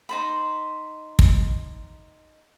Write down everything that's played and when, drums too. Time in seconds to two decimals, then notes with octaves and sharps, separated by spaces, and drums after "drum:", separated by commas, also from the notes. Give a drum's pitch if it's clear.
0.09 D#4 C5 B5
1.19 drum: kick